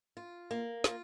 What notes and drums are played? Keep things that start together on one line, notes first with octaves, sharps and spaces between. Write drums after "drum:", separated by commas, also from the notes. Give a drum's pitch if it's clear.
F4
A#3
F4, drum: snare